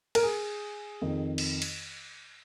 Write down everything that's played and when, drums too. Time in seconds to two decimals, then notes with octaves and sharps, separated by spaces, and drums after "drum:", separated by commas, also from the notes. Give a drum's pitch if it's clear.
0.15 A#4, drum: cymbal
0.23 G#4
1.02 F2 D#3
1.38 drum: cymbal
1.62 drum: cymbal